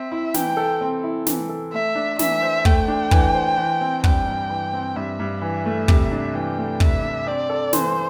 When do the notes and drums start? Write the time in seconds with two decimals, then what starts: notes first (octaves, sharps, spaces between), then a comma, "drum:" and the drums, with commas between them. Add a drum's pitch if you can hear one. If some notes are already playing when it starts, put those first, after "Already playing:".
Already playing: C4 E5
0.12 E4
0.34 E3 G5, drum: snare
0.57 A4
0.81 C4
1.03 E4
1.27 E3, drum: snare
1.49 A4
1.73 A3 E5
1.95 D4
2.19 E3 E5, drum: snare
2.42 C5
2.65 A3 G5, drum: kick
2.88 D4
3.11 E3, drum: kick
3.34 C5
3.57 E3
3.81 C4
4.04 G2 G5, drum: kick
4.27 G2
4.49 E3
4.73 C4
4.96 G2 E5
5.20 G2
5.41 E3 E5
5.66 A3
5.88 C3, drum: kick
6.11 D4
6.34 E3 G5
6.58 A3
6.80 C3 E5, drum: kick
7.04 D4
7.27 C4 D5
7.50 A4
7.73 E3 C5, drum: snare